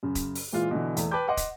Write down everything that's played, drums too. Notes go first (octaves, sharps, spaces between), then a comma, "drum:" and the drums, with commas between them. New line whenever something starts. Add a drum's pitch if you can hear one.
F#2 C#3
drum: kick, hi-hat
drum: open hi-hat
A#2 E3 G#3 F4
B2 D3 E3
E2 A3, drum: hi-hat
B4 G5 A5 B5 D6 G6
D#5 F#5 C6 D6
drum: kick, hi-hat